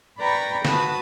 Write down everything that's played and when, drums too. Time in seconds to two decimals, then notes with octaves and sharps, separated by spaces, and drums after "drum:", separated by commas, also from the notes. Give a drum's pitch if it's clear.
0.19 B4 D5 G5 A#5 B5 C#6
0.65 F#4 B4 A5 B5 D#6, drum: snare